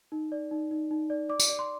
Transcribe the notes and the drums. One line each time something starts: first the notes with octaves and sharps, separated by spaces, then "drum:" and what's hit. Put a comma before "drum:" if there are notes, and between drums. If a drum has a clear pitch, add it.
D#4
D5
D#4
D#4
D#4
D5
D5 D6
drum: tambourine
D5
C6